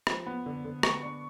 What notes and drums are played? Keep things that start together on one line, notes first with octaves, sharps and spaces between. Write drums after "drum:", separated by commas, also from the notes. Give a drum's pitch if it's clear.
F3, drum: rim click
B3
D3
D3
B3 C#6, drum: rim click
D4